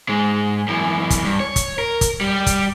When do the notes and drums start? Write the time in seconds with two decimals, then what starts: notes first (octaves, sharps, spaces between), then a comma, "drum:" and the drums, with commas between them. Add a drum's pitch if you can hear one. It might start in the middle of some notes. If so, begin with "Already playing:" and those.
0.09 G#2 G#3
0.68 F#2 E3
1.10 drum: kick, hi-hat
1.25 G2
1.40 C#5
1.56 drum: kick, hi-hat
1.78 A#4
2.01 drum: kick, hi-hat
2.21 G3 G4
2.46 drum: kick, hi-hat